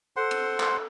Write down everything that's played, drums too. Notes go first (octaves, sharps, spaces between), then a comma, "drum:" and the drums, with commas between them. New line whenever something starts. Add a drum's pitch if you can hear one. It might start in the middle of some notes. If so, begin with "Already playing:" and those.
A4 C5 F#5 C6
drum: cymbal
drum: clap